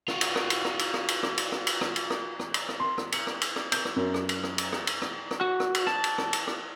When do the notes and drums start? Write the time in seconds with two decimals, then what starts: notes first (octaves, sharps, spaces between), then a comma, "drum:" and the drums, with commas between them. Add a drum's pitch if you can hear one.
0.08 F4 F#4, drum: rim click
0.21 drum: cymbal
0.36 drum: rim click
0.50 drum: cymbal
0.65 drum: rim click
0.79 drum: cymbal
0.94 drum: rim click
1.08 drum: cymbal
1.23 drum: rim click
1.38 drum: cymbal
1.52 drum: rim click
1.67 drum: cymbal
1.81 drum: rim click
1.96 drum: cymbal
2.10 drum: rim click
2.40 drum: rim click
2.54 drum: cymbal
2.69 drum: rim click
2.80 C6
2.98 drum: rim click
3.12 C#7, drum: cymbal
3.27 drum: rim click
3.41 drum: cymbal
3.56 drum: rim click
3.72 G6, drum: cymbal
3.85 drum: rim click
3.96 F#2
4.14 drum: rim click
4.29 drum: cymbal
4.43 drum: rim click
4.58 drum: cymbal
4.73 drum: rim click
4.87 drum: cymbal
5.02 drum: rim click
5.31 drum: rim click
5.41 F#4
5.60 drum: rim click
5.75 drum: cymbal
5.87 A5, drum: rim click
6.04 drum: cymbal
6.18 drum: rim click
6.33 drum: cymbal
6.47 drum: rim click